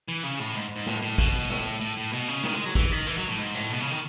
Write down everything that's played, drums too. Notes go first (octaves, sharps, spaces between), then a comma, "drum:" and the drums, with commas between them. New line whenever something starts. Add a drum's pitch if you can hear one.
E3
C#3
A2
G#2
G#2
A2, drum: snare
A2
B2, drum: kick
A2, drum: snare
A2
A2
B2
C#3
D#3, drum: snare
G#3
F#3
E3, drum: kick
D#3
E3
F#3
A2
G#2
A2
B2
C#3
D#3